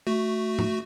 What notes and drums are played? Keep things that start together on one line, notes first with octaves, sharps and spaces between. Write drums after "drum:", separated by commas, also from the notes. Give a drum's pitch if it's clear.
A3 F#4
drum: tom G#2